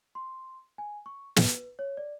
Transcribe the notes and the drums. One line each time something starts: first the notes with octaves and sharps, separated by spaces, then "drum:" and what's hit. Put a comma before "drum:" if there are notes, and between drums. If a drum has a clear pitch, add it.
C6
G#5
C#6
B4, drum: snare
C#5
D5